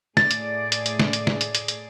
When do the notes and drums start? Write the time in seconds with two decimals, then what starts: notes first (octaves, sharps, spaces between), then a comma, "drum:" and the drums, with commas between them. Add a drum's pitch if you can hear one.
0.17 A2 G#4 D5 A6, drum: snare
0.31 drum: hi-hat
0.72 drum: hi-hat
0.86 drum: hi-hat
0.99 drum: snare
1.13 drum: hi-hat
1.27 drum: snare
1.41 drum: hi-hat
1.55 drum: hi-hat
1.68 drum: hi-hat